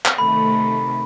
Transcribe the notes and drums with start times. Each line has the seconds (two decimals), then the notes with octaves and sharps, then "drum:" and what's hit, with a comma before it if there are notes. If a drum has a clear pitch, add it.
0.06 drum: clap
0.18 C3 D#3 A3 B5